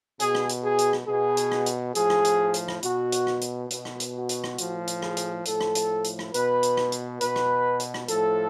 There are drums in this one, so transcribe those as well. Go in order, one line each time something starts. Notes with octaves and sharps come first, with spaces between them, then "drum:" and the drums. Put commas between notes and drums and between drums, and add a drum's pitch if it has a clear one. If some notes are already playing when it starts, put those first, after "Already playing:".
B2 G#4, drum: hi-hat
drum: rim click
drum: hi-hat
G#4
drum: hi-hat
drum: rim click
B2 G#4
drum: hi-hat
drum: rim click
drum: hi-hat
A2 F3 G#4, drum: hi-hat
drum: rim click
drum: hi-hat
drum: hi-hat
drum: rim click
B2 F#4, drum: hi-hat
drum: hi-hat
drum: rim click
drum: hi-hat
B2, drum: hi-hat
drum: rim click
drum: hi-hat
F#4
drum: hi-hat
drum: rim click
A2 F3, drum: hi-hat
drum: hi-hat
G#4, drum: rim click
drum: hi-hat
A2 F3 A4, drum: hi-hat
drum: rim click
drum: hi-hat
drum: hi-hat
drum: rim click
B2 B4, drum: hi-hat
drum: hi-hat
drum: rim click
drum: hi-hat
B2 B4, drum: hi-hat
drum: rim click
drum: hi-hat
drum: rim click
A2 F3 A4, drum: hi-hat